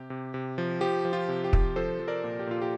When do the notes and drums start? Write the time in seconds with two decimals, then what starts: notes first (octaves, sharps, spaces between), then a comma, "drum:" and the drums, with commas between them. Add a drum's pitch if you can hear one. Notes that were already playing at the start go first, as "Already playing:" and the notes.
Already playing: C3 G4
0.10 C3
0.34 C3
0.58 F3
0.81 F3 G4
1.05 F3
1.13 F4
1.29 C3
1.44 G4
1.53 F3, drum: kick
1.76 F3 A4 C5
2.00 F3
2.08 A#4 D5
2.24 A#2
2.39 G4
2.47 A#2 F4
2.62 G4